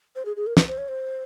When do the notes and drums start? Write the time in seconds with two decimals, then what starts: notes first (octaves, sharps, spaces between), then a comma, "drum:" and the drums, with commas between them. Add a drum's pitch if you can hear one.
0.16 C5
0.26 G#4
0.36 G#4
0.47 A#4
0.57 B4, drum: snare
0.68 C5
0.78 C#5
0.88 C5